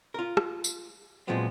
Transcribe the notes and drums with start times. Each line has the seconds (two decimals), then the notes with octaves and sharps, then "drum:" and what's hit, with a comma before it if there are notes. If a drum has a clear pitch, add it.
0.14 F4 A#4
0.37 drum: rim click
0.64 drum: tambourine
1.27 A#2 F3 F#3 G#3 B3 C4